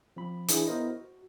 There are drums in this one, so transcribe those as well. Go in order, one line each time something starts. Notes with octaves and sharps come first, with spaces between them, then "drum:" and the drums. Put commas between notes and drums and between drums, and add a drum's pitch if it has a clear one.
F3 C4 B5
E3 D4 E4 G#4, drum: hi-hat
B3 E4 A#4 C5 D#5
F#4